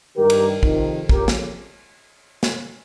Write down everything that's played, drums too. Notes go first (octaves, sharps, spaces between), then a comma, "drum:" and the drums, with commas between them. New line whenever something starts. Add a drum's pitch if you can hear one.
G2 D#3 G4 A#4
drum: cymbal
F2 C3 D#3, drum: kick
F2 C#3 G4 A#4, drum: kick
drum: snare
drum: snare